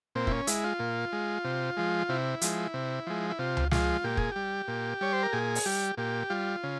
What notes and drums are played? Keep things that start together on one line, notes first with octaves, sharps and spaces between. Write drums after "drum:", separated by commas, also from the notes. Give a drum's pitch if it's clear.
A#2 C4
E4, drum: kick
C#4
G#3 E4, drum: hi-hat
F4
A#2
G#3
C3
F3 G#3
C3 E4
F3 G#3, drum: hi-hat
C3
F3 G#3
E4
C3 F4
drum: tom C#2
F3 G#3 F4, drum: snare
A#2 G4
G#4, drum: kick
G3 G4
A#2
G3 C#5
C5
A#4
A#2 G#4
drum: open hi-hat
G3 G4
A#2 G4
G3 F4
C#3